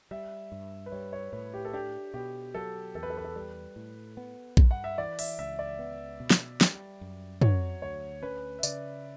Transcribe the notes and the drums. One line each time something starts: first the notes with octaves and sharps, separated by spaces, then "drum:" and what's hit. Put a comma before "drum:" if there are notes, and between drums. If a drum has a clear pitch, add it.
G3 E5
G2
B4
G3 C#5
C#5
A2 B4
G4
A4
D4 G4
B2 G4
F#3 A4
E2 A4
B4
A4
B4
A4
G3 B4
A2
B3
G2, drum: kick A#1
F#5
E5
E3 D5
E5, drum: open hi-hat
C#2 E5
D5
B3
B2
drum: snare
G3, drum: snare
F#2
F#3 C#5, drum: tom
D2 C#5
C#4 B4
E5
C#3 D5, drum: tambourine